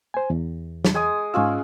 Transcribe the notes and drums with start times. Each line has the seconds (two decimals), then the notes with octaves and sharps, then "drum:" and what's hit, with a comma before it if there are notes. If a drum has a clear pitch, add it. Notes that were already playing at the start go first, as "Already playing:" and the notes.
0.14 C5 G#5
0.30 E2
0.85 drum: snare
0.94 G#3 G#5 D#6
1.34 G#2 G#3 C#4 F4 E6